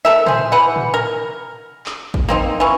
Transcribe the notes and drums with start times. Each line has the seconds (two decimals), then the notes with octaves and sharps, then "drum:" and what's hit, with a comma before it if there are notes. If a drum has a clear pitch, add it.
0.05 A4 A#4 E5
0.26 G#4 C5, drum: tom
0.52 E3 B4 F#5
0.76 drum: tom
0.94 A#4
1.86 drum: clap
2.14 drum: kick
2.29 A#3 C4 D#4, drum: tom
2.60 E3 C#4